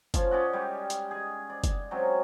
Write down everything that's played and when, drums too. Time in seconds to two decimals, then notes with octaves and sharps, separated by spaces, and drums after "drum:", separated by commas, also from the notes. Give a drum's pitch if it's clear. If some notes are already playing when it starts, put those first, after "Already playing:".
0.14 F3 C#4 F4, drum: kick, hi-hat
0.31 C#4 D5 D#5 F#5
0.53 G3 G#3 C#4 G4
0.90 drum: hi-hat
1.11 G#4 D#5
1.50 D5
1.64 drum: kick, hi-hat
1.91 F#3 G#3 C4 C#4